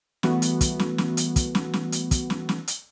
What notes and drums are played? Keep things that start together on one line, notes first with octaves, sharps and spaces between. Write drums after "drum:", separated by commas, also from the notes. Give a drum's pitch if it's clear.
E3 G3 A3 B3 F#4, drum: snare
drum: hi-hat
drum: kick, hi-hat
drum: snare
drum: snare
drum: hi-hat
drum: kick, hi-hat
drum: snare
drum: snare
drum: hi-hat
drum: kick, hi-hat
drum: snare
drum: snare
drum: hi-hat